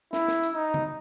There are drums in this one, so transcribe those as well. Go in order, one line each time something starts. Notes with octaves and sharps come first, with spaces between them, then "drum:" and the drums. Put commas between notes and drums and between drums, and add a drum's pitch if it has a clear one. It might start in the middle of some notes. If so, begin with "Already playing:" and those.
E4, drum: snare
drum: snare
drum: hi-hat
D#4
drum: tom C#3